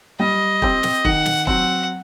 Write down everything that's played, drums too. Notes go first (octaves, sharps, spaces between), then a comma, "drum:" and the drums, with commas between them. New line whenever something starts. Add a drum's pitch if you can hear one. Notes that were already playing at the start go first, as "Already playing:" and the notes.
G3 D#5
C4 G4, drum: kick E1
drum: snare
D#3 F#5, drum: kick E1
drum: snare
F#3 C4 F#5, drum: kick E1